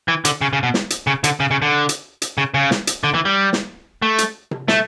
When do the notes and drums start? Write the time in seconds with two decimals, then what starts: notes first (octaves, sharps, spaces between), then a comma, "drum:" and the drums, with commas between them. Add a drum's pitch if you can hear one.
0.08 E3
0.25 D3, drum: hi-hat
0.41 C#3
0.53 C#3
0.63 B2
0.74 drum: snare
0.90 drum: hi-hat
1.07 C#3
1.24 D3, drum: hi-hat
1.40 C#3
1.51 C#3
1.62 D3
1.89 drum: hi-hat
2.22 drum: hi-hat
2.38 C#3
2.54 C#3
2.71 drum: snare
2.87 drum: hi-hat
3.04 D3
3.14 E3
3.25 G3
3.53 drum: snare
4.02 A3
4.18 drum: hi-hat
4.51 drum: tom C3
4.68 A3, drum: snare